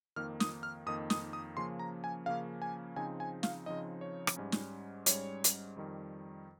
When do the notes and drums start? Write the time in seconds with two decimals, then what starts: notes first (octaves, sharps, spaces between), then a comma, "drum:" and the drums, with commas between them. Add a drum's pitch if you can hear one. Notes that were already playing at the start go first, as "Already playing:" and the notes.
0.16 F2 D#3 A#3 D#4 F6
0.40 D#6, drum: snare
0.63 F6
0.86 F2 D#3 A#3 D#4 D#6
1.10 D#6, drum: snare
1.33 D#6
1.57 C#3 F3 A#3 C#4 C6
1.79 A#5
2.04 G#5
2.26 C#3 F3 A#3 C#4 F5
2.62 G#5
2.96 C#3 F3 C4 D#4 G#5
3.20 G#5
3.43 F5, drum: snare
3.66 C#3 F3 C4 D#4 D#5
4.01 C#5
4.27 drum: rim click
4.37 G#2 G3 C#4
4.52 drum: snare
5.06 G#2 G3 C#4 C#5, drum: hi-hat
5.44 drum: hi-hat
5.77 F2 D#3 G3